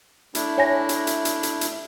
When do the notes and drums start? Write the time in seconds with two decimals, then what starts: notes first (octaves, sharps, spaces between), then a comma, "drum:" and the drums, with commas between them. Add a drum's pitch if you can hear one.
0.35 A3 D4 E4, drum: hi-hat
0.58 C#5 G#5 A#6
0.89 drum: hi-hat
1.07 drum: hi-hat
1.25 drum: hi-hat
1.43 drum: hi-hat
1.61 drum: hi-hat